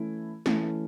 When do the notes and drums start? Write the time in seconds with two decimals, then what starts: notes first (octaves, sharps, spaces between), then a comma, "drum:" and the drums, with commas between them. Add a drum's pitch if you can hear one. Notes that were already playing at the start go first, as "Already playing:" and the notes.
Already playing: E3 A3 C#4 E4
0.46 E3 A3 C#4 E4, drum: snare